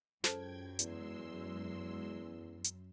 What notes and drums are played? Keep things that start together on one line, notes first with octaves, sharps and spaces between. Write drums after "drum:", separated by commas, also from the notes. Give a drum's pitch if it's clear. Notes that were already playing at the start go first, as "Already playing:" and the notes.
C#2 F#2 A4 C5 G5 A5 G#6, drum: snare
E2 G#3 C6 E6, drum: hi-hat
drum: hi-hat